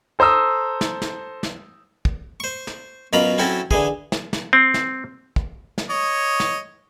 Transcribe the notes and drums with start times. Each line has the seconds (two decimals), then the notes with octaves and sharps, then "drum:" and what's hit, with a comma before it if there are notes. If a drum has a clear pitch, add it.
0.19 A4 C5 A#5 D#6 E6
0.81 drum: snare
1.02 drum: snare
1.43 drum: snare
2.05 drum: kick
2.40 C5 C#6
2.67 drum: snare
3.13 F#2 B2 F4 A#5 B5 D6
3.38 F#3 C4 C#4 E4 F#4 A4
3.71 D3 E3 G#4, drum: kick
4.12 drum: snare
4.33 drum: snare
4.53 C4
4.74 drum: snare
5.36 drum: kick
5.78 drum: snare
5.90 C#5 D#5
6.40 drum: snare